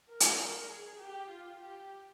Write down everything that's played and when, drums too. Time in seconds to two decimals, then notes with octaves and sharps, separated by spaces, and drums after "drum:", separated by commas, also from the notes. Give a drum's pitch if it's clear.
0.09 A#4
0.20 drum: hi-hat
0.39 A#4
0.70 G#4
0.99 G4
1.30 F4
1.60 G4